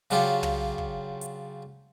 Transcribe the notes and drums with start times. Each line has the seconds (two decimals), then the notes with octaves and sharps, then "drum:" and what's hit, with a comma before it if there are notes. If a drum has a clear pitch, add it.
0.11 C#3 F#3 D4 F4 G4, drum: hi-hat
0.43 drum: tom
0.78 drum: kick
1.21 drum: hi-hat